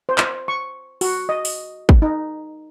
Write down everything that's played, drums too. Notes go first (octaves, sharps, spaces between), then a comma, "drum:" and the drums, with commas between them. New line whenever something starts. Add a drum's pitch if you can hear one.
C5
drum: clap
C#6
F#4, drum: open hi-hat
D#5
drum: open hi-hat
drum: kick
D#4